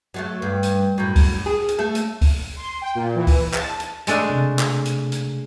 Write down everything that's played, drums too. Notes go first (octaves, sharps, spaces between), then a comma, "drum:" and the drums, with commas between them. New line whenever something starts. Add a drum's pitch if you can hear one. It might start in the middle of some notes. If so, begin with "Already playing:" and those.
F#3 G#3 A3
G2
drum: hi-hat
F#2 A2
drum: kick, open hi-hat
G#4
drum: hi-hat
A3 A4
drum: hi-hat
drum: kick, open hi-hat
C6
G5
A#2
E3
drum: kick, open hi-hat
A5, drum: clap
drum: hi-hat
G#3 A3 D4, drum: hi-hat
C3
drum: clap
drum: hi-hat
drum: hi-hat